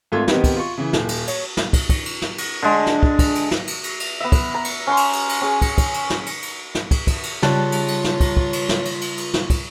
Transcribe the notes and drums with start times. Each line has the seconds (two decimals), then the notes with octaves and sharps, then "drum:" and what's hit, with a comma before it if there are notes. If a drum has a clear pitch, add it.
0.12 G#1 A3 F4 A4 G#6
0.28 D#3 B3 C4 G4 B4 D#5, drum: snare
0.44 drum: kick, cymbal
0.56 F4 C#6
0.78 C#3 E3
0.93 D#1, drum: snare
1.09 drum: cymbal
1.27 C#5, drum: cymbal
1.57 drum: snare
1.73 drum: kick, cymbal
1.89 drum: kick, cymbal
2.06 drum: cymbal
2.22 drum: snare
2.38 drum: cymbal
2.63 D3 G#3
2.87 drum: snare
3.03 drum: kick
3.19 drum: kick, cymbal
3.35 drum: cymbal
3.51 drum: snare
3.67 drum: cymbal
3.84 drum: cymbal
4.00 drum: cymbal
4.20 B3 E5
4.32 drum: kick, cymbal
4.54 A#5
4.64 drum: cymbal
4.87 C#4 F#5 C6
4.97 drum: cymbal
5.13 drum: cymbal
5.29 drum: cymbal
5.41 C#4 G#4
5.62 drum: kick, cymbal
5.78 drum: kick, cymbal
5.94 drum: cymbal
6.10 drum: snare
6.26 drum: cymbal
6.42 drum: cymbal
6.75 drum: snare
6.91 drum: kick, cymbal
7.07 drum: kick, cymbal
7.23 drum: cymbal
7.43 C#3 G3 F4 C#5 A5 F#6, drum: snare
7.72 drum: cymbal
7.88 drum: cymbal
8.04 drum: snare
8.20 drum: kick, cymbal
8.37 drum: kick
8.53 drum: cymbal
8.69 drum: snare
8.85 drum: cymbal
9.01 drum: cymbal
9.18 drum: cymbal
9.34 drum: snare
9.50 drum: kick, cymbal